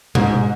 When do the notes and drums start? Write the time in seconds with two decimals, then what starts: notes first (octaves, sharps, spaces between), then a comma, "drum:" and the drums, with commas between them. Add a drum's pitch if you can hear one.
0.15 G#2, drum: tom B2